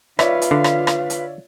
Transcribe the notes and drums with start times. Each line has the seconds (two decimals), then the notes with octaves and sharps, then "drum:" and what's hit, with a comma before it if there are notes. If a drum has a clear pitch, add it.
0.19 F4 B4 C#5 D5 E5 F5, drum: rim click
0.42 drum: hi-hat
0.51 D3
0.64 drum: rim click
0.87 drum: rim click
1.10 drum: hi-hat